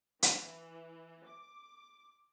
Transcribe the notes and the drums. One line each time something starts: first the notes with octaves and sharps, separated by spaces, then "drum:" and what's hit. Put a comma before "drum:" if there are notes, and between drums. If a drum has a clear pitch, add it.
E3, drum: hi-hat
D6